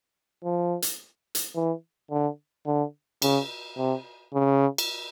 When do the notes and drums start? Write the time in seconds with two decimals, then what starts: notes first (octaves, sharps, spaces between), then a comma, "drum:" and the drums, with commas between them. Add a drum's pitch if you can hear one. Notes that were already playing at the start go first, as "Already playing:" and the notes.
0.44 F3
0.82 drum: hi-hat
1.35 drum: hi-hat
1.55 E3
2.11 D3
2.66 D3
3.22 C#3, drum: cymbal
3.77 C3
4.34 C#3
4.78 drum: cymbal